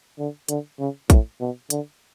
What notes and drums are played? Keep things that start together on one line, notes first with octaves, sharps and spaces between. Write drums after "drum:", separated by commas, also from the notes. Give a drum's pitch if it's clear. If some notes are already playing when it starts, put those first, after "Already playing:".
D3
D3, drum: hi-hat
C#3
A2, drum: kick, hi-hat
B2
D3, drum: hi-hat